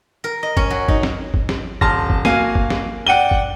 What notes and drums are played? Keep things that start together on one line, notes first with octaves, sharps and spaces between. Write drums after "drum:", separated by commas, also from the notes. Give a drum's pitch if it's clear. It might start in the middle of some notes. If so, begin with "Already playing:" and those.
A#4
D#5
C#4, drum: kick
F#3
D#4, drum: kick
drum: snare
drum: kick
drum: snare
D#1 A5 C6 F6 A#6, drum: kick
drum: kick
A#3 F#4 F5 G#5 D#7, drum: snare
drum: kick
drum: snare
D5 F#5 G5 D#7 G7
drum: kick